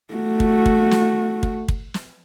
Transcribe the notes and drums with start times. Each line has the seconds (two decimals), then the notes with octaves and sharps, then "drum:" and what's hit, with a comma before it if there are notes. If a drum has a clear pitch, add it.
0.14 A3 F#4
0.40 drum: kick
0.66 drum: kick
0.91 drum: snare
1.43 drum: kick
1.68 drum: kick
1.94 drum: snare